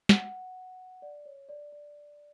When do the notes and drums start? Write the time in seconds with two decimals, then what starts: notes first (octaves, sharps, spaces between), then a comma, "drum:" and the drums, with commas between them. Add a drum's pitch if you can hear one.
0.09 F#5, drum: snare
1.02 D5
1.25 C#5
1.49 D5
1.72 D5